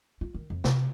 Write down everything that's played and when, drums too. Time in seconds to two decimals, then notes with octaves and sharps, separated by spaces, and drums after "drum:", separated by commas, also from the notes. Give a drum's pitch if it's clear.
0.21 F4
0.34 D#3
0.50 F2
0.64 C3, drum: snare